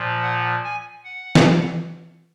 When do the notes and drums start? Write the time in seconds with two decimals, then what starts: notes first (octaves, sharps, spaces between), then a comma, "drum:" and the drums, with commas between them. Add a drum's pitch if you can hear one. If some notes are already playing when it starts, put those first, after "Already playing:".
Already playing: A#2 F3
0.22 F#5
0.64 G#5
1.04 F#5
1.35 drum: snare E3